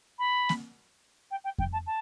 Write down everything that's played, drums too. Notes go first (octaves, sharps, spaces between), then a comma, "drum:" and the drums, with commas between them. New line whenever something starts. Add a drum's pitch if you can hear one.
B5
drum: snare A#3
G5
G5
G5, drum: kick F2
A5
A5